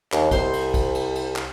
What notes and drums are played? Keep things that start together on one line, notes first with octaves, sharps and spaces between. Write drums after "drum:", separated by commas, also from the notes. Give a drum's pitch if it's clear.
D#2, drum: clap
C2 C5 C6, drum: kick, cymbal
drum: cymbal
drum: kick, cymbal
drum: cymbal
drum: cymbal
drum: clap